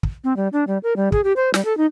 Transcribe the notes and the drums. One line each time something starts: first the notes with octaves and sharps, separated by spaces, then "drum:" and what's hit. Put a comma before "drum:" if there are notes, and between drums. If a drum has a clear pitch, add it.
drum: kick
C4
G3
D4
G3
A#4
G3
G#4, drum: kick
G4
C5
G3, drum: snare
A4
D#4